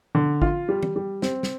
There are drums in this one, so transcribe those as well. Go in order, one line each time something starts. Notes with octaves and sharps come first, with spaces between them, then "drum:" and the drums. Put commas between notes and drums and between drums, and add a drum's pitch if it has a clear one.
D3
F4, drum: kick G#1
G3
drum: tom E3
G3
C4, drum: snare
drum: snare